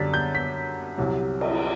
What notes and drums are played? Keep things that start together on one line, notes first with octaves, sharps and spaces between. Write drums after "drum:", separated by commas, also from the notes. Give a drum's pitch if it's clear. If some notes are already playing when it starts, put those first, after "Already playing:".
Already playing: F#2 D3 G3 D4 A6 B6
G6
B6
C2 C3 F#3
drum: cymbal